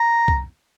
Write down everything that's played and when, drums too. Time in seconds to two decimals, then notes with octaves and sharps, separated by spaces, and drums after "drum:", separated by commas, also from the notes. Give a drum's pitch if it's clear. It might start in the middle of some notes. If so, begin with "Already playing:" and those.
Already playing: A#5
0.28 drum: kick C2